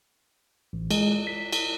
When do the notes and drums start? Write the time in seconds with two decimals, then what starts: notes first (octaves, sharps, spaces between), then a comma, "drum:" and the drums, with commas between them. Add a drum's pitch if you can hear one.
0.73 A1
0.91 G#3, drum: cymbal
1.27 B6
1.53 drum: cymbal